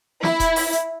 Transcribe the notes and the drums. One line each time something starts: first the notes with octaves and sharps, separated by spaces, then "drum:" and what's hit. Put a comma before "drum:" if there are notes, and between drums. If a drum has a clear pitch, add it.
E4, drum: snare
drum: kick D#1, hi-hat
drum: open hi-hat
drum: hi-hat